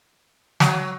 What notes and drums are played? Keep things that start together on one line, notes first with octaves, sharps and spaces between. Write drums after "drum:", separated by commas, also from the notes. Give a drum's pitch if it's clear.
F#3, drum: snare